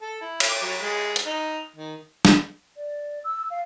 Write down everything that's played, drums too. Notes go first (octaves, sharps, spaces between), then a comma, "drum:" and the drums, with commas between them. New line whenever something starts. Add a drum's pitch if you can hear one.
A4
E4
drum: cymbal
D6
F#3
G#3
drum: hi-hat
D#4
D#3
drum: snare
D5
E6
F5